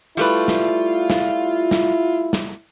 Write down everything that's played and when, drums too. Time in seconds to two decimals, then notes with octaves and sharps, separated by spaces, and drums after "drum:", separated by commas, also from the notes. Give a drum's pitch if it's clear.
0.17 G3 A3 E4 F4 B4
0.48 drum: snare
1.10 drum: snare
1.71 drum: snare
2.33 drum: snare